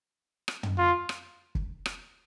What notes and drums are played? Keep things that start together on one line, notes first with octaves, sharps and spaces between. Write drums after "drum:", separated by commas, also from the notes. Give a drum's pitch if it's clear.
drum: rim click
drum: tom
F4
drum: rim click
drum: kick
drum: rim click